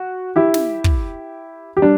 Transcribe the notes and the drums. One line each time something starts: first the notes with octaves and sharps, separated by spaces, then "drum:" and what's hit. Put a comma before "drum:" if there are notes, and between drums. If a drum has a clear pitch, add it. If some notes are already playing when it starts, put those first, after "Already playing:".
Already playing: F#4
E4 G4
drum: snare
drum: kick
G4
G3 D4